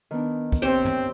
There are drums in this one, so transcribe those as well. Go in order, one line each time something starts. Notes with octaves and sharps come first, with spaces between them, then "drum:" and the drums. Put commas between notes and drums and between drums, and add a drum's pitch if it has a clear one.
D#3 B3 D4
drum: kick
C4 G4 C5 C#5
drum: tom